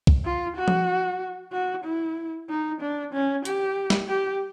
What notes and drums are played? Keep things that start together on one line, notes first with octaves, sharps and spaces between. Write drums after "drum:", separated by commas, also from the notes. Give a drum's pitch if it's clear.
drum: kick B1
F4
F#4
drum: tom F3
F#4
E4
D#4
D4
C#4
G4, drum: hi-hat
drum: snare
G4